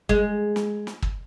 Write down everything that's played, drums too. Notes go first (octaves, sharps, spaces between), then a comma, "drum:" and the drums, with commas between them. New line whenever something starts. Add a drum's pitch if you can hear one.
G#3, drum: kick
drum: snare
drum: snare
drum: kick